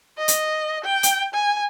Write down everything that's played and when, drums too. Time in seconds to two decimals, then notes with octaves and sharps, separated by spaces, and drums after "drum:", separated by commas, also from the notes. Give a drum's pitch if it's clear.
0.18 D#5
0.28 drum: hi-hat
0.84 G5
1.03 drum: hi-hat
1.34 G#5